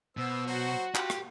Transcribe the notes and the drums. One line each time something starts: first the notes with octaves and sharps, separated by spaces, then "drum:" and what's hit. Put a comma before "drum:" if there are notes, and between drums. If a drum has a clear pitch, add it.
B2 B3 C5 E6
F#3 F#4 C5
F4 G4 F#5, drum: clap
drum: rim click